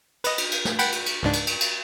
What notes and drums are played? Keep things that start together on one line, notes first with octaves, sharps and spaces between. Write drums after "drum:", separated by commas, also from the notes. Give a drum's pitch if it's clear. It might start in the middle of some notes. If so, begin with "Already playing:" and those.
B4 D#5, drum: cymbal
drum: cymbal
drum: cymbal
drum: snare
F#5 G5 B5, drum: cymbal
drum: cymbal
drum: cymbal
C#2 G#2 D4
drum: cymbal
drum: cymbal
drum: cymbal